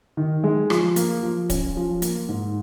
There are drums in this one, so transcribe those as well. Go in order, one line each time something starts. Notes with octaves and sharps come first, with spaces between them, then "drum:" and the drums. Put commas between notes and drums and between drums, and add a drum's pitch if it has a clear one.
D#3
G#3
F3, drum: rim click
A#3, drum: hi-hat
F3
C#4, drum: kick, hi-hat
F3
A#3, drum: hi-hat
G#2